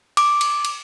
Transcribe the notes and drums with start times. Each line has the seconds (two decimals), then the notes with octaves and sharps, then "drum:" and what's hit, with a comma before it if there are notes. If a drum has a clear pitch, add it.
0.17 D6, drum: cymbal
0.41 drum: cymbal
0.65 drum: cymbal